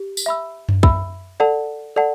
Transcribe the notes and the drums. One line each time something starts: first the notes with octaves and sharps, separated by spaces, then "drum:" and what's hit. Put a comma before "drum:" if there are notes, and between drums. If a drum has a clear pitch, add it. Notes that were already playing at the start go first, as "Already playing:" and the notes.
Already playing: G4
drum: tambourine
E5 B5 E6
drum: tom F#2
E5 B5 E6, drum: kick
A4 D5 F#5 A5
A4 D5 F#5 A5